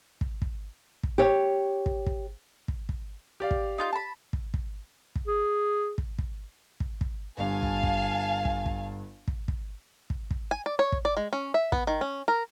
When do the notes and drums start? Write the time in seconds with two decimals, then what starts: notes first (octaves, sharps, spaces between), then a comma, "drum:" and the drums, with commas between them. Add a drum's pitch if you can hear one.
0.21 drum: kick
0.42 drum: kick
1.03 drum: kick
1.18 G4 C#5
1.86 drum: kick
2.06 drum: kick
2.68 drum: kick
2.89 drum: kick
3.40 G4 D5 F5
3.51 drum: kick
3.78 D#4 F4 G6
3.93 A5 B5
4.33 drum: kick
4.54 drum: kick
5.16 drum: kick
5.27 G#4
5.98 drum: kick
6.19 drum: kick
6.80 drum: kick
7.01 drum: kick
7.38 G1 G2 F5 G#5 A5
7.63 drum: kick
7.83 drum: kick
8.45 drum: kick
8.66 drum: kick
9.28 drum: kick
9.48 drum: kick
10.10 drum: kick
10.31 drum: kick
10.51 G#5
10.66 D5
10.79 C#5
10.92 drum: kick
11.05 D5
11.17 G#3
11.33 C#4
11.54 E5
11.72 B3, drum: kick
11.87 D#3
12.01 C#4
12.28 A#4